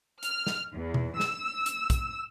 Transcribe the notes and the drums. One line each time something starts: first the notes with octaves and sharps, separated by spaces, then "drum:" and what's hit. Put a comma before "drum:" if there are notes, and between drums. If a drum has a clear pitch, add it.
F6, drum: hi-hat
drum: snare
E2
drum: tom B2
E6, drum: snare
drum: hi-hat
drum: kick, hi-hat